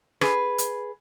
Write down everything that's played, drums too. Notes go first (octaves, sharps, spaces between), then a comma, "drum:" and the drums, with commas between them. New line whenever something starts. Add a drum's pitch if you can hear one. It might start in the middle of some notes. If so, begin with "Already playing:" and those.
G#4 B4, drum: rim click
drum: hi-hat